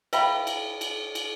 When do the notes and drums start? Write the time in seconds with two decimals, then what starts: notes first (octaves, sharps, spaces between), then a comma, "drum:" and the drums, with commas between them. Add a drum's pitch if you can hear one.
0.13 B4 E5 F5 G5 A#5 B5, drum: cymbal
0.47 drum: cymbal
0.81 drum: cymbal
1.15 drum: cymbal